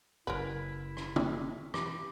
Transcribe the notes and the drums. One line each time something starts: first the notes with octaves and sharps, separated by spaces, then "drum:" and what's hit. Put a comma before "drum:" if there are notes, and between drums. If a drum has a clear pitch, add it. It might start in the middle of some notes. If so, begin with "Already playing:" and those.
F#1 C#3 E4 A#4 B4
drum: rim click
drum: tom
E3 G4 D6, drum: rim click